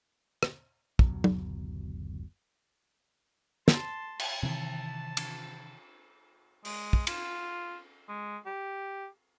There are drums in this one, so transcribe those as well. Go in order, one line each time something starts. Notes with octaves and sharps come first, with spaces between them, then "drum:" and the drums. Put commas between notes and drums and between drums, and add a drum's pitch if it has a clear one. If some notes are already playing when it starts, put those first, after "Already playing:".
drum: rim click
F#1 D2 B2 F#3, drum: kick
drum: tom
A5 C6, drum: snare
drum: cymbal
C3 D#3 E3 A5
drum: cymbal
G#3, drum: open hi-hat
drum: kick
F4, drum: cymbal
G#3
G4